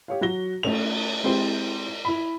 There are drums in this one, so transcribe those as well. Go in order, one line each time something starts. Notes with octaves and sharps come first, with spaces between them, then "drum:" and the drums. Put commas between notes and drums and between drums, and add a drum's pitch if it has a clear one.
G4 C#5 F5
F#3 F#4 A#6 G7
A3 C#4 F7, drum: cymbal
G#3 C4 E4 G4 C5
E4 B5